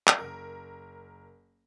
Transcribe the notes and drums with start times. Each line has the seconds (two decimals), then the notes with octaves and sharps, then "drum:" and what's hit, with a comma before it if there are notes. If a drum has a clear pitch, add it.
0.07 drum: clap
0.18 F#1 A#4